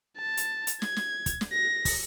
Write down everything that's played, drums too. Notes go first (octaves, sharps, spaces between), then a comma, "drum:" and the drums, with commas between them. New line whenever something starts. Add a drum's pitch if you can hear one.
A5
drum: hi-hat
drum: hi-hat
G#6, drum: snare
drum: snare
drum: kick, hi-hat
drum: snare
A#6
drum: kick, open hi-hat